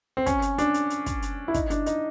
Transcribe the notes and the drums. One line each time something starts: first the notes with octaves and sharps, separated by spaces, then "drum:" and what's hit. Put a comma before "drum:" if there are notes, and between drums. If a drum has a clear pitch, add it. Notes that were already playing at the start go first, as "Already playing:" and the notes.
C4
C#4, drum: kick, hi-hat
drum: hi-hat
D4, drum: hi-hat
drum: hi-hat
drum: hi-hat
drum: kick, hi-hat
drum: hi-hat
E4
D#4, drum: kick, hi-hat
D4, drum: hi-hat
D#4, drum: hi-hat